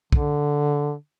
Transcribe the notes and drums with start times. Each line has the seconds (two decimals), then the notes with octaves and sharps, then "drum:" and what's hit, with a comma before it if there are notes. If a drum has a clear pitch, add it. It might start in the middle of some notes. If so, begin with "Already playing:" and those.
0.12 D3, drum: kick B1